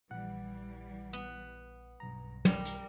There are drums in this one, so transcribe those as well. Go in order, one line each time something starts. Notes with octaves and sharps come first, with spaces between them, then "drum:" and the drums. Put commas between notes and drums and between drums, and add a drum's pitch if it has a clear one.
A#1 E3 G3 F#5
B3
B1 G2 A#5
G3 A#4, drum: tom
drum: hi-hat